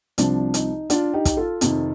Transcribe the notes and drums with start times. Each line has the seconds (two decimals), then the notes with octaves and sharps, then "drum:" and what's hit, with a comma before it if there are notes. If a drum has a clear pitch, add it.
0.18 C2 C3 F3 D4, drum: hi-hat
0.54 D#4, drum: hi-hat
0.90 D4 F4, drum: hi-hat
1.13 D#4 G4
1.25 drum: kick, hi-hat
1.37 F4 A4
1.61 F2 C3 D#3, drum: hi-hat